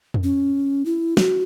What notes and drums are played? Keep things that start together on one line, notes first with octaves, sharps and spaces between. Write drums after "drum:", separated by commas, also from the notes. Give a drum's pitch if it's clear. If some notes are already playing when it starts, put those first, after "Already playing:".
drum: tom F2
C#4
E4
F#4, drum: snare